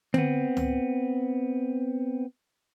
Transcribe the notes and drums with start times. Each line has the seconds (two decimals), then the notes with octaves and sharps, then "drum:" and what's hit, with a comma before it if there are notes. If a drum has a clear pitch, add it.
0.14 B3 C4, drum: tom D3
0.57 drum: tom C#2